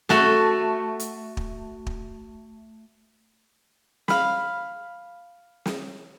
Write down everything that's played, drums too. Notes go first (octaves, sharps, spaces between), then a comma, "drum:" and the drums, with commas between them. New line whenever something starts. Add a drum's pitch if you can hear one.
A3 F#4 A4, drum: snare
drum: hi-hat
drum: kick
drum: kick
F5 B5, drum: snare
drum: snare